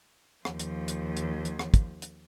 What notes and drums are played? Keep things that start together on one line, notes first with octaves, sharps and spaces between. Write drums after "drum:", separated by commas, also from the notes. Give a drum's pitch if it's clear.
D#2 F3, drum: rim click
drum: hi-hat
drum: hi-hat
drum: hi-hat
drum: hi-hat
drum: rim click
drum: kick, hi-hat
drum: hi-hat